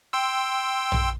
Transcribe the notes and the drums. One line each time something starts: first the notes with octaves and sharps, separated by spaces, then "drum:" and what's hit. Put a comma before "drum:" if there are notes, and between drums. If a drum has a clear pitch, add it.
G5 C6 E6
drum: tom A#1